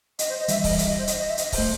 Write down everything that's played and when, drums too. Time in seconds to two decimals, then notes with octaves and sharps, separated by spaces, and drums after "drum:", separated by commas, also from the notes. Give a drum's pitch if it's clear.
0.19 D#5, drum: hi-hat
0.29 C5
0.39 D#5
0.48 E3 G3 E5, drum: hi-hat
0.64 D#5, drum: kick C#1, open hi-hat
0.79 E5, drum: hi-hat
0.88 D#5
0.98 C5
1.07 D#5, drum: hi-hat
1.18 D#5
1.28 E5
1.37 D#5, drum: hi-hat
1.52 C5, drum: kick C#1, open hi-hat
1.58 A3